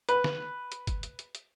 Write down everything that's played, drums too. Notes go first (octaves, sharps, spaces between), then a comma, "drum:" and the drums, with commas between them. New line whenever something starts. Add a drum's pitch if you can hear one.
B4, drum: hi-hat
drum: snare
drum: hi-hat
drum: kick, hi-hat
drum: hi-hat
drum: hi-hat
drum: hi-hat